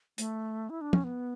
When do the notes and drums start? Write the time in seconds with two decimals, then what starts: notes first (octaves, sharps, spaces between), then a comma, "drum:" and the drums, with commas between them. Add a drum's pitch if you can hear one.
0.18 A3, drum: hi-hat
0.70 E4
0.81 D4
0.93 C#4, drum: tom
1.04 B3